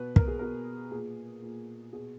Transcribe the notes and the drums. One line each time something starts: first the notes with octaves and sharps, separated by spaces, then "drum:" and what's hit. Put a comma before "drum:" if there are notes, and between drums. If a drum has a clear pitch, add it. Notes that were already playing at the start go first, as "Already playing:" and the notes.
Already playing: B2 B4
A#4, drum: kick
G#4
B2 A#4
A#2 G#4
A#2
B2 G#4